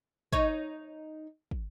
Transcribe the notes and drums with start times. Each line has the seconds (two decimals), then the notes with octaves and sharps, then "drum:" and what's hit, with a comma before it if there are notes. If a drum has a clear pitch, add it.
0.33 D#4 C#5, drum: kick
1.51 drum: kick